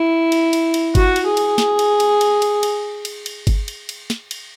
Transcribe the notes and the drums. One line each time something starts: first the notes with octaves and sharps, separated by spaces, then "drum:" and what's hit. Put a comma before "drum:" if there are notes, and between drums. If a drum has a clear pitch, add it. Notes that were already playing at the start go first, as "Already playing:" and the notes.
Already playing: E4
drum: cymbal
drum: cymbal
drum: cymbal
F#4, drum: kick G1, cymbal
drum: cymbal
G#4
drum: cymbal
drum: snare
drum: cymbal
drum: cymbal
drum: cymbal
drum: cymbal
drum: cymbal
drum: cymbal
drum: cymbal
drum: kick G1, cymbal
drum: cymbal
drum: cymbal
drum: snare
drum: cymbal